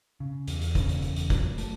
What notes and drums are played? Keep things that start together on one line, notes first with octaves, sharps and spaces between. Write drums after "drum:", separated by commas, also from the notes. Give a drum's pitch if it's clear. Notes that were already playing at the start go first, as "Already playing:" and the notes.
C#3
E2, drum: hi-hat
drum: hi-hat
C#3, drum: kick, hi-hat
drum: hi-hat
E2, drum: hi-hat
drum: hi-hat
F#3, drum: kick, hi-hat
A3, drum: hi-hat